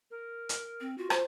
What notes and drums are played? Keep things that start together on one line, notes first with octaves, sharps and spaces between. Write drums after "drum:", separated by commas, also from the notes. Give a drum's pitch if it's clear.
A#4
drum: hi-hat
C4
F4 F#4
C5, drum: rim click